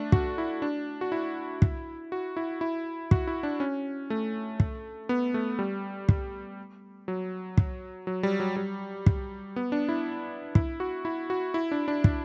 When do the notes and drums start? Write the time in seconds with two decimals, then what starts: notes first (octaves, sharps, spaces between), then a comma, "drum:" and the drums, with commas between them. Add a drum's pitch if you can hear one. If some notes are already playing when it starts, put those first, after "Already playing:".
Already playing: A3 D4
0.12 F#4, drum: kick
0.38 E4
0.62 D4
1.01 F#4
1.12 E4
1.62 drum: kick
2.12 F#4
2.37 E4
2.61 E4
3.11 F#4, drum: kick
3.27 E4
3.43 D4
3.60 C#4
4.10 A3
4.60 drum: kick
5.09 B3
5.34 A3
5.59 G3
6.09 drum: kick
7.08 F#3
7.58 drum: kick
8.07 F#3
8.23 G3
8.40 F#3
8.56 G3
9.06 drum: kick
9.56 B3
9.72 D4
9.89 E4
10.55 E4, drum: kick
10.80 F#4
11.05 E4
11.30 F#4
11.54 E4
11.71 D4
11.88 D4
12.04 drum: kick